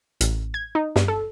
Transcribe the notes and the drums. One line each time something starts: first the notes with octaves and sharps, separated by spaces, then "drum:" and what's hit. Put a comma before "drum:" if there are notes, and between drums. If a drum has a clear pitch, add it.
A1, drum: hi-hat
G#6
D#4
G2, drum: snare
A4